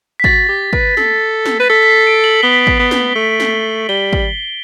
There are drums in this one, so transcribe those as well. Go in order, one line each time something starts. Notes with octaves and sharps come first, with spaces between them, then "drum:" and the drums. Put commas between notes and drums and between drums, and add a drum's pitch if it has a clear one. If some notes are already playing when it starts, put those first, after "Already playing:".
B6
F#4 A6, drum: kick
G4
B4, drum: kick
A4, drum: snare
drum: snare
B4
A4 B6
B6
C7
D7
F#7
B3 G7
drum: kick
B3
drum: snare
A3
drum: snare
G3 G7
drum: kick